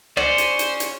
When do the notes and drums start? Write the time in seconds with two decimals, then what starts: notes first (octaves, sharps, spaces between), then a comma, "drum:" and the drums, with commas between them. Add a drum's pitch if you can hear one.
0.17 C#4 C5 D5, drum: rim click
0.38 drum: hi-hat
0.59 drum: hi-hat
0.80 drum: hi-hat